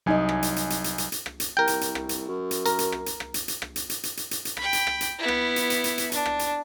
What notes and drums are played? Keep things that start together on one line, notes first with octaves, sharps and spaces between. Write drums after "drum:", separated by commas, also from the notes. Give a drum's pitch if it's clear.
C2 F#3 D#4 D#5 G#5
drum: rim click
drum: hi-hat
drum: hi-hat
drum: hi-hat
drum: hi-hat
drum: hi-hat
drum: hi-hat
drum: rim click
drum: hi-hat
C2 A#4 G5
drum: hi-hat
drum: hi-hat
drum: rim click
drum: hi-hat
F#2
drum: hi-hat
A#4, drum: hi-hat
drum: hi-hat
drum: rim click
drum: hi-hat
drum: rim click
drum: hi-hat
drum: hi-hat
drum: rim click
drum: hi-hat
drum: hi-hat
drum: hi-hat
drum: hi-hat
drum: hi-hat
drum: hi-hat
G5 B5, drum: rim click
drum: hi-hat
drum: rim click
drum: hi-hat
B3 E4
drum: rim click
drum: hi-hat
drum: hi-hat
drum: hi-hat
drum: hi-hat
D4, drum: hi-hat
drum: rim click
drum: hi-hat